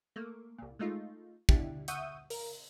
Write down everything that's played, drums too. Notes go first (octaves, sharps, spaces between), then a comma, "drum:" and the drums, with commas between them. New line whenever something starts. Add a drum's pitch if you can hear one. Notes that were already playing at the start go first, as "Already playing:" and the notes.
A3 A#3
C2 A#2
G#3 A3 D#4 F4
B2 D4 E4 G4, drum: kick
E5 F#5 C#6 D#6 G6 D#7, drum: hi-hat
A#4, drum: open hi-hat